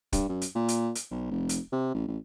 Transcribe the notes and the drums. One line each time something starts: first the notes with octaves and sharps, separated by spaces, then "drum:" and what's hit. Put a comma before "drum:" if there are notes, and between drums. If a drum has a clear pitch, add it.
G2, drum: kick, hi-hat
F#2
drum: hi-hat
A#2
drum: hi-hat
drum: hi-hat
B1
F1
drum: hi-hat
C3
A1
A1